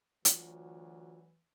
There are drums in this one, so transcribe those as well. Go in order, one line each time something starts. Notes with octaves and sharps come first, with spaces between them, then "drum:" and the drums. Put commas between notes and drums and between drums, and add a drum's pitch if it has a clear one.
D2 E3 F#3 F4, drum: hi-hat